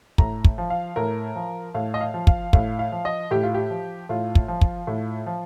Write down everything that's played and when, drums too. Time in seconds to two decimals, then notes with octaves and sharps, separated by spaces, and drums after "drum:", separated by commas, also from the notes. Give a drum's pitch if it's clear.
0.18 A2 A#5, drum: kick
0.45 drum: kick
0.58 F3
0.70 F5
0.96 A2 A#4
1.35 F3
1.75 A2 F5
1.94 D#5
2.01 F5
2.14 F3
2.27 F5, drum: kick
2.53 A2 F5, drum: kick
2.79 F5
2.92 F3
3.05 D#5
3.31 A2 G4
3.43 F4
3.54 G4
3.70 F3
4.09 A2 F4
4.35 drum: kick
4.48 F3
4.61 drum: kick
4.87 A2
5.26 F3